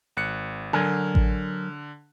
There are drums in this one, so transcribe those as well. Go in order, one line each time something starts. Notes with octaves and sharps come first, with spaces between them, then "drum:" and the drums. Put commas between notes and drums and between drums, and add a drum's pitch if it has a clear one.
G#1 F#6 C#7
D3 F#3 A#4 G#5
drum: kick A1